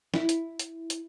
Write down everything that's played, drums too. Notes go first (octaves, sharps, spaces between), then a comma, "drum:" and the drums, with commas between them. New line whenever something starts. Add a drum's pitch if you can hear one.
E4, drum: snare
drum: hi-hat
drum: hi-hat
drum: hi-hat